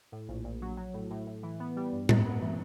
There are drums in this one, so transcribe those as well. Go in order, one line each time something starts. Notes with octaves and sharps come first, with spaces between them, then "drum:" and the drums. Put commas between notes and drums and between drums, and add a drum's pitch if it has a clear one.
A2
A#1
A#1
F#3
F#3
A2
A2
A2
E3
B3
G3
G2
G2, drum: tom A2
B3
E3